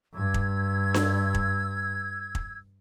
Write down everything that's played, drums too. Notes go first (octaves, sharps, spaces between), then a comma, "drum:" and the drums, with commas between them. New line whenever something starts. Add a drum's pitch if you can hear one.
G2 E6 G#6
drum: kick
drum: snare D4
drum: kick
drum: kick